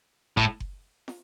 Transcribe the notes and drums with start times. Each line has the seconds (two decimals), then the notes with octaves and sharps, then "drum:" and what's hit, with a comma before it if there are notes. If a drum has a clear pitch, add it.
0.37 A2, drum: kick F#1
0.60 drum: kick F#1
1.08 drum: snare